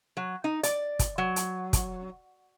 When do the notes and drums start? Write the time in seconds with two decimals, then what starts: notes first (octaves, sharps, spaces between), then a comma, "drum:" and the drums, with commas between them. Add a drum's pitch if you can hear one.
0.17 F#3
0.44 D#4
0.63 D5, drum: hi-hat
0.99 drum: kick, hi-hat
1.18 F#3
1.36 drum: hi-hat
1.73 drum: kick, hi-hat